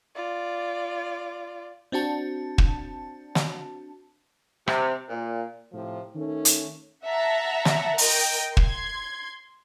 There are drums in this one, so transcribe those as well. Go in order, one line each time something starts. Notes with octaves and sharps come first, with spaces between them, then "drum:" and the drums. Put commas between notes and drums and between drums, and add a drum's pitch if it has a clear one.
F4 D5
C4 D4 F#4 A5
drum: kick
drum: snare
C3, drum: rim click
A#2
A2 C3 F3
D#3 A3 C#4 A4
drum: hi-hat
E5 F#5 A5 A#5
drum: snare
A#4 D#5 G5, drum: open hi-hat
C6 G#6, drum: kick